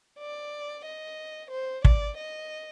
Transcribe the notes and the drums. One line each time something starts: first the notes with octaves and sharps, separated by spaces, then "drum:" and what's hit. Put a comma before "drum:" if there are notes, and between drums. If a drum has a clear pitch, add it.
D5
D#5
C5
D5, drum: kick
D#5